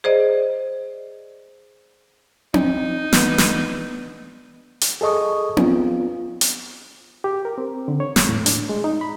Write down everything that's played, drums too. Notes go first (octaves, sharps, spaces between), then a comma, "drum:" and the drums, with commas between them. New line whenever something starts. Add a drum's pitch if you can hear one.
G#4 C5 D5 D#5
D#4, drum: tom C4
B3 D4, drum: snare
drum: snare
drum: hi-hat
G#4 A4 D#5 C#6 D#6
B3 F4, drum: tom C4
drum: hi-hat
G4
A#4
C4
D3
C#5
E2, drum: snare
A2
D4, drum: hi-hat
G#3
D#4
B5